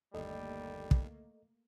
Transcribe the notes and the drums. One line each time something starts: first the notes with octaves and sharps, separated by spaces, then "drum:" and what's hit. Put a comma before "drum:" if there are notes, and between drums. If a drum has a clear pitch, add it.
G1 D#2 G3 A3 A#3 A4 D#5
drum: kick